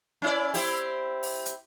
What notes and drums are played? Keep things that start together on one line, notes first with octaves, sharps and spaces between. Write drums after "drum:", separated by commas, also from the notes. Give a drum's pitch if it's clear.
C#4 E4 D5
C4 E4 G4, drum: open hi-hat
drum: open hi-hat
drum: hi-hat